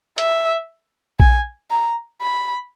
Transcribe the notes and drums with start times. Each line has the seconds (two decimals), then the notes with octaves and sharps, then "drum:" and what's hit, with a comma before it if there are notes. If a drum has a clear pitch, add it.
0.18 E5, drum: hi-hat
1.20 G#5, drum: kick A#1
1.70 A#5
2.21 B5